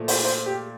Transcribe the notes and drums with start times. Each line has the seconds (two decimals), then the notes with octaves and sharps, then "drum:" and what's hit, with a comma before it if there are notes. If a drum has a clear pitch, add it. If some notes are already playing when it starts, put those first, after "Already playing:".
Already playing: A#2 F3 A3
0.08 C5, drum: open hi-hat
0.25 C5
0.46 G4